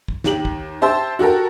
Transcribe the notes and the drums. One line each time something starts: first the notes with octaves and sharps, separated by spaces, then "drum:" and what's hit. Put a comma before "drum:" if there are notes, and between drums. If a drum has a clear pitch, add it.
drum: kick
D#2 G4 F#7, drum: snare
drum: kick
G4 C5 E5 A5 C6 E6
F#4 G4 A4 A#4